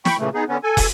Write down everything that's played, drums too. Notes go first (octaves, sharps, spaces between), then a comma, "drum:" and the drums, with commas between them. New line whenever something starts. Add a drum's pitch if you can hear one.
G5 B5 C#6, drum: snare
A#2 C#3 E3 A3
B3 D#4 G#4
D3 B3 C#4
A4 G#5
drum: kick, open hi-hat